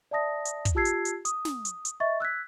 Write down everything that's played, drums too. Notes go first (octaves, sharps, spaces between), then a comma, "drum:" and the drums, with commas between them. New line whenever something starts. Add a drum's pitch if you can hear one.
D5 E5 A5 D#6 A#6
drum: hi-hat
drum: kick, hi-hat
F4 G4 A5 E6 G#6 C7
drum: hi-hat
drum: hi-hat
D#6, drum: hi-hat
drum: snare
drum: hi-hat
drum: hi-hat
D#5 E5 C#6 A6
E6 F#6 G#6 B6